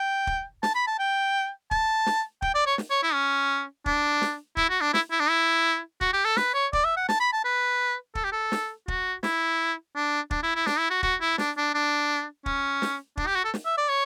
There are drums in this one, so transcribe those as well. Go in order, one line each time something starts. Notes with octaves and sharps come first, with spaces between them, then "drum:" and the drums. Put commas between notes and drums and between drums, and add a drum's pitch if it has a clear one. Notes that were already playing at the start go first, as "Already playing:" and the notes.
Already playing: G5
drum: kick
A5, drum: snare
B5
A5
G5
A5, drum: kick
drum: snare
G5, drum: kick
D5
C#5
drum: snare
C#5
E4
C#4
D4, drum: kick
drum: snare
E4, drum: kick
F#4
D4
E4, drum: snare
E4
D4
E4
F#4, drum: kick
G4
A4
B4, drum: snare
C#5
D5, drum: kick
E5
F#5
A5, drum: snare
B5
A5
B4
A4, drum: kick
G4
A4
drum: snare
F#4, drum: kick
E4, drum: snare
D4
D4, drum: kick
E4
E4
D4, drum: snare
E4
F#4
F#4, drum: kick
E4
D4, drum: snare
D4
D4
C#4, drum: kick
drum: snare
D4, drum: kick
G4
F#4
A4
drum: snare
E5
D5
C#5